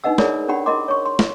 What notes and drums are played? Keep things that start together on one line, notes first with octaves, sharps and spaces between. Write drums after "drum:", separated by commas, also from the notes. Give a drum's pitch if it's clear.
D4 D#4 B4 D#5 F#5 E6
E4 G#4 A#4 C#5 D5 B5, drum: snare
C#4 D4 G4 F#5 B5
E4 A#4 D#5 B5 C6 D6
C#5 C#6
C6
drum: snare